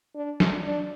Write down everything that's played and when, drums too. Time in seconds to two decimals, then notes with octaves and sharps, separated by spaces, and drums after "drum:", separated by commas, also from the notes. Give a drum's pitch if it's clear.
0.15 D4
0.40 drum: snare
0.65 D4